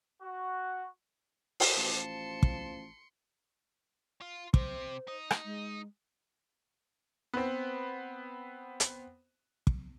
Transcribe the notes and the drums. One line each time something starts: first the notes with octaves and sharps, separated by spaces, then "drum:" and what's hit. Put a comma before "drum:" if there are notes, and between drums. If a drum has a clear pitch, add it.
F#4
drum: open hi-hat
A1 F3 A5 C6 C#7
drum: kick
F4
C3 C5, drum: kick
D#4
drum: rim click
G#3
B3 C4
drum: hi-hat
drum: kick